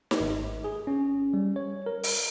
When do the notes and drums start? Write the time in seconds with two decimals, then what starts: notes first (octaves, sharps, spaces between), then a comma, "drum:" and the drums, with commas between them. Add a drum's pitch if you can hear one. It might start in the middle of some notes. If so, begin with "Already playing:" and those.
0.11 drum: snare D#4
0.20 G#1
0.64 G#4
0.87 C#4
1.33 G3
1.56 C#5
1.86 A#4
2.03 drum: open hi-hat